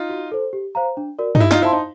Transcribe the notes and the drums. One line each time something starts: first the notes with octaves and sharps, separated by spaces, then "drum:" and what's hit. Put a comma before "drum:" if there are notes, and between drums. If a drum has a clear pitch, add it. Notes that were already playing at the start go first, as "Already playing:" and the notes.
Already playing: D#4 F4
F#4
A4 C5
G4
C5 F5 A#5
D4
F#4 A#4 D5
D#4, drum: tom G2
E4 G4
D#4 F4, drum: snare
E4 C5 F5 A5 C6
D#4